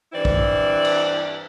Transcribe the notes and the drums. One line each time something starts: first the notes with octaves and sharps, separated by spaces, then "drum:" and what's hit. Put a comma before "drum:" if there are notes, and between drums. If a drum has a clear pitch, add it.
G2 E3 C4 E4 D5
drum: kick
drum: cymbal